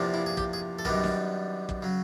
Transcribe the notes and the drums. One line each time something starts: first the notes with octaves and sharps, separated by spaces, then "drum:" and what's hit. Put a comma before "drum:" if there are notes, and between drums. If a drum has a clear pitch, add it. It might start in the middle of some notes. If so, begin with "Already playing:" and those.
Already playing: E2 C3 F3 A#3 D4
E4
G#4
G4, drum: kick
G#4
A4
F#2 D#3 G3 B3 D4 A#4, drum: tom B1
drum: snare
drum: kick
C#3 F#3